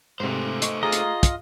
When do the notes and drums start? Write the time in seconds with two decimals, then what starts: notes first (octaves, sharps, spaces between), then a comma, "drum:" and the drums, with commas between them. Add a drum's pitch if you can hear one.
0.20 G#2 C3 A3 C5
0.62 D#5 C#6, drum: hi-hat
0.83 F4 G#4 D#5 A#5
0.92 drum: hi-hat
1.23 drum: kick, hi-hat